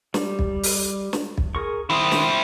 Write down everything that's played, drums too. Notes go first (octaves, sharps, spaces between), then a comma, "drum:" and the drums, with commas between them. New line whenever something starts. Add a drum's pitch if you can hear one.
G3, drum: snare
drum: kick
drum: open hi-hat
drum: snare
drum: kick
G#4 A#4 C#6
D#3 C4 E4 C6 D#6
drum: snare